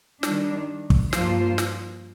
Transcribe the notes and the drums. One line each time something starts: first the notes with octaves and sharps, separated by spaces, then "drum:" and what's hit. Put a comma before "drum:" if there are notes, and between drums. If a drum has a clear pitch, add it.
D#3 G3 D4, drum: snare
drum: kick
G2 F3 A#3 F4 C5, drum: snare
drum: snare